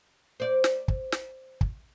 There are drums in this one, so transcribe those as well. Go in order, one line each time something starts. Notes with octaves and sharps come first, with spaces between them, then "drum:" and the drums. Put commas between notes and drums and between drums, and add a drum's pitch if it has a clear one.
C5 D5
drum: snare
drum: kick
drum: snare
drum: kick